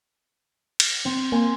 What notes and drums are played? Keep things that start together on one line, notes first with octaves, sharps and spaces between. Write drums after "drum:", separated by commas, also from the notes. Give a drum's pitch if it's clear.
drum: cymbal
C4
A#3 G#5 C6